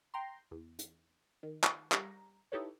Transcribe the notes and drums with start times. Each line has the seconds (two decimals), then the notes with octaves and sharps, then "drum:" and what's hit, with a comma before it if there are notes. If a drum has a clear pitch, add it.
0.14 G5 A#5 C6
0.51 E2
0.79 drum: hi-hat
1.43 D#3
1.64 drum: clap
1.92 G3 A#5, drum: clap
2.52 D#4 E4 G4 A4 B4 C#5